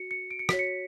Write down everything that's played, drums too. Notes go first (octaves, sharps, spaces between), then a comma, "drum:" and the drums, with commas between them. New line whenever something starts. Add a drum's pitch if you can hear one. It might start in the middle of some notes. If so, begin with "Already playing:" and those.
Already playing: F#4 C#7
C#7
D7
C#7
F#4 C#5 B6, drum: rim click
C#7